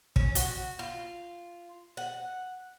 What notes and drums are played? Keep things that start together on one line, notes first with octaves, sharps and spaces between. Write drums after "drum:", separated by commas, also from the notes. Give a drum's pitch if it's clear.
C#4, drum: kick
F#4, drum: hi-hat
F4
F#5